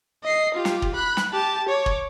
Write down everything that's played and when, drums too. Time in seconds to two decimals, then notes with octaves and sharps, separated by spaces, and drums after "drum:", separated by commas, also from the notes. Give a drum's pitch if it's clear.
0.24 D#5 C7
0.54 F4 G4
0.65 drum: snare
0.82 drum: kick
0.95 B5 F#6
1.17 drum: snare
1.33 G4 A5
1.69 C#5 D6
1.86 drum: kick